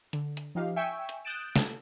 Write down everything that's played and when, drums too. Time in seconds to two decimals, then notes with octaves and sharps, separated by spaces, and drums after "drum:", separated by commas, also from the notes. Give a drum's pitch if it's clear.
0.13 D3, drum: hi-hat
0.37 drum: hi-hat
0.55 F3 D#4 G4 F5
0.76 E5 G5 G#5 C#6 E6
1.09 drum: hi-hat
1.25 D#6 F#6 G6 A6 D7 E7
1.56 A4, drum: snare